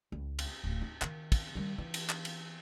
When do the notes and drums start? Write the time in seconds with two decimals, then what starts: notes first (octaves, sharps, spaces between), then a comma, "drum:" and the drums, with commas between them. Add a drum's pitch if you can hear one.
0.12 C#2
0.39 drum: cymbal
0.64 D1
0.81 D#4
1.02 D#3, drum: clap
1.32 drum: kick, cymbal
1.55 D#3 G3
1.78 E3
1.94 drum: cymbal
2.09 drum: clap
2.25 drum: cymbal